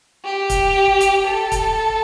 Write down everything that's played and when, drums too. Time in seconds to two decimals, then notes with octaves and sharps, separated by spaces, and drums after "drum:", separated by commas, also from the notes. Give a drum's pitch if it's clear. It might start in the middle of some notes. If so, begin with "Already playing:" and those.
0.25 G4
0.50 drum: kick, hi-hat
1.01 drum: hi-hat
1.27 A4
1.52 drum: kick, hi-hat